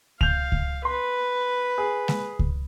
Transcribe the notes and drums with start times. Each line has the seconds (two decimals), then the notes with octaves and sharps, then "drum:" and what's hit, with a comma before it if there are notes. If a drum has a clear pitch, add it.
0.21 F5 G6 F7, drum: kick C#2
0.52 drum: kick C#2
0.85 B4 C6
1.78 G#4
2.08 drum: snare G#3
2.39 drum: kick C#2